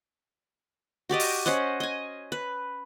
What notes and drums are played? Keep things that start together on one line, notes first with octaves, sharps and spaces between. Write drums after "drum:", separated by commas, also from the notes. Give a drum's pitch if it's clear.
F#4 G4 D5 D#5
drum: open hi-hat
C#4 C5 D#5 F#5
D#5 G#5
B4